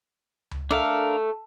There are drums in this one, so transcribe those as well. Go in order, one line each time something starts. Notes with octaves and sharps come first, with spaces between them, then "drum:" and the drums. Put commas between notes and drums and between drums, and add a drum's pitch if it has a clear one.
drum: tom C#2
A3 D4 A#4 F5